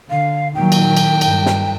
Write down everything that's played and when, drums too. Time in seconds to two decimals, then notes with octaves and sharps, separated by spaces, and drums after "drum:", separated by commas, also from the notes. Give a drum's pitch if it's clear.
0.10 D3 F5
0.55 A#2 D#3 F#3 G5
0.72 drum: cymbal
0.97 drum: cymbal
1.21 G2, drum: cymbal
1.46 drum: snare